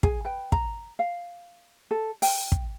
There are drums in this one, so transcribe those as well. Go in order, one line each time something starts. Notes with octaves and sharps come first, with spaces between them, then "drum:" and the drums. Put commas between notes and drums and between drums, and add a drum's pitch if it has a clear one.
G#4 G#5, drum: kick
B4 G5
A#5, drum: kick
F5
A4
G5, drum: open hi-hat
drum: kick